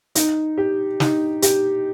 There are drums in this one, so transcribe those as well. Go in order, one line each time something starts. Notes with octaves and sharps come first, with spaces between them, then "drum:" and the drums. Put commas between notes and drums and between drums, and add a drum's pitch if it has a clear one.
D#4, drum: hi-hat
G4
D#4, drum: snare
G4, drum: hi-hat